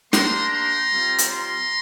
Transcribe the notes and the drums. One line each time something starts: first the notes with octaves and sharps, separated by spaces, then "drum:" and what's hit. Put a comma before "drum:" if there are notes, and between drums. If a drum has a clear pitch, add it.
A#3 D4 G4 A#5 C6, drum: snare
A#5 C6
G3 C4 F4
drum: hi-hat
A#5 C6